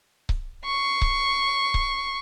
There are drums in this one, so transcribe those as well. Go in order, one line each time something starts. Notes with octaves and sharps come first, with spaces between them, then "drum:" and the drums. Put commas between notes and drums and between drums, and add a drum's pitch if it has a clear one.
drum: kick C#1
C#6 C7
drum: kick C#1
drum: kick C#1